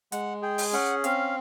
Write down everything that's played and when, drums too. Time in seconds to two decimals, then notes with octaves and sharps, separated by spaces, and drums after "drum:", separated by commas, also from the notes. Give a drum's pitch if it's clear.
0.12 G#3 F#5, drum: hi-hat
0.42 G#4 G5
0.58 drum: open hi-hat
0.73 C#4 F#5
1.04 C4 F5, drum: hi-hat